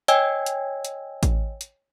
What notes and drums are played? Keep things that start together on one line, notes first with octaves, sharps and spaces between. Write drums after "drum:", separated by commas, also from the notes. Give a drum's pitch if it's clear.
C#5 D#5 G5 G#5 E6 G#6, drum: hi-hat
drum: hi-hat
drum: hi-hat
drum: kick A1, hi-hat
drum: hi-hat